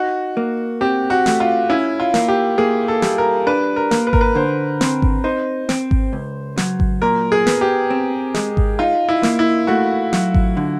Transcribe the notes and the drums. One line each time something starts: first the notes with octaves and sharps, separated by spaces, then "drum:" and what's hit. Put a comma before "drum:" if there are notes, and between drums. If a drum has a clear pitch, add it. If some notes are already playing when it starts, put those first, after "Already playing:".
Already playing: D#4 F#4
A#3
C4 G4
F#4
A3, drum: snare
F4
C#4 E4
F4
A#3, drum: snare
G4
A#3 G#4
A4
G3, drum: snare
A#4
D4 B4
A#4
A#3, drum: snare
B4
A#4, drum: kick G#1
B4
D3 C5
C4, drum: snare
drum: kick G#1
D#4 C5
C4, drum: snare
drum: kick G#1
C#2
F#3, drum: snare
drum: kick G#1
A#2 A#4
G#4
B3, drum: snare
G4
C4
G#3, drum: snare
drum: kick G#1
D#4 F4
E4
A#3, drum: snare
E4
A3 F#4
F#3, drum: snare
drum: kick G#1
D3